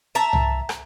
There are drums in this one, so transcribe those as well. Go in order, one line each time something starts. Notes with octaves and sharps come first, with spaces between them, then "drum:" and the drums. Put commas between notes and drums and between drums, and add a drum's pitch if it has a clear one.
E5 A5 A#5
drum: tom
drum: rim click